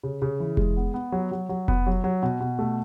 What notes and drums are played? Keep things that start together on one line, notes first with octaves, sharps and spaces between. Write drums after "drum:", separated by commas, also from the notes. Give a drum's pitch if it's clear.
C#3
C#3
E3
G#3, drum: kick F1
B3
B3
F#3
F#3
F#3
B3, drum: kick F1
F#3
F#3
B2
B2
A3